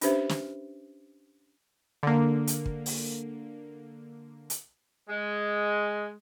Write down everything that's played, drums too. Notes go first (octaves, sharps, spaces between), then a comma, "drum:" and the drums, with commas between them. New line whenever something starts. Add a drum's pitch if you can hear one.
C#4 D4 G4 B4 C5 E5, drum: hi-hat
drum: snare
D3 A#3
drum: hi-hat
drum: kick
drum: open hi-hat
drum: hi-hat
G#3